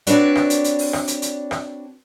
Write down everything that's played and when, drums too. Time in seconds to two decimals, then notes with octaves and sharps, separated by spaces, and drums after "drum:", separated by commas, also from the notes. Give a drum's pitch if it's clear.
0.07 C4 D4 F#4 B4 C#5 D5, drum: hi-hat
0.35 drum: rim click
0.50 drum: hi-hat
0.64 drum: hi-hat
0.79 drum: open hi-hat
0.93 drum: rim click
1.08 drum: hi-hat
1.22 drum: hi-hat
1.51 drum: rim click